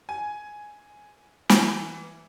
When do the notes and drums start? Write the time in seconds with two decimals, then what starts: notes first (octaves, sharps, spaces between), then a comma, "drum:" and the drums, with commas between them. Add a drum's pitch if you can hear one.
0.09 G#5
1.49 E3, drum: snare